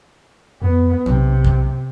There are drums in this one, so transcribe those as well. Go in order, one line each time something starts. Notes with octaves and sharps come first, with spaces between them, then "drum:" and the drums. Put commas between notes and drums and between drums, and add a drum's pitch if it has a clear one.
F2 B3
B1 C3, drum: tom F#3
drum: kick